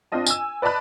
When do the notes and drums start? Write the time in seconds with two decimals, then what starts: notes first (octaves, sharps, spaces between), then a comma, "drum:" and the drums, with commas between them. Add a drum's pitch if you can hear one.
0.12 C4 D4 F4 D#5 A5
0.27 G#5 E6, drum: tambourine
0.62 B4 D5 D#5 A5 B5 F#6